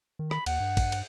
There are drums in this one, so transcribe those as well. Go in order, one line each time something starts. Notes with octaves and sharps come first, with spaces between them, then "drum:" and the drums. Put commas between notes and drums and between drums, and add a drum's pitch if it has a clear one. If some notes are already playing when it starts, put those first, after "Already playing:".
D#3
B5, drum: rim click
D#2 F#5, drum: cymbal
G2
drum: kick A1, cymbal
drum: cymbal